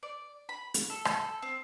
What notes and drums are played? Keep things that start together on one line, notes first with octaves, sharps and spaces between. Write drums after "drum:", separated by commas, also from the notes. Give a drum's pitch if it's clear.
D5
B5
drum: hi-hat
A4
drum: rim click
C4